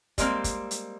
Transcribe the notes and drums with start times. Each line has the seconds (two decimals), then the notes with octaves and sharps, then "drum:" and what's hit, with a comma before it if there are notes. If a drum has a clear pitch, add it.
0.18 G3 G#3 A#3 C4, drum: kick, hi-hat
0.44 drum: kick, hi-hat
0.71 drum: hi-hat